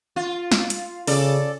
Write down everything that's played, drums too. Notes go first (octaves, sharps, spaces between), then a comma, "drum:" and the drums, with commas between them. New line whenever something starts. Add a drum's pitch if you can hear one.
F4
drum: snare
drum: hi-hat
C#3 A4 D5, drum: open hi-hat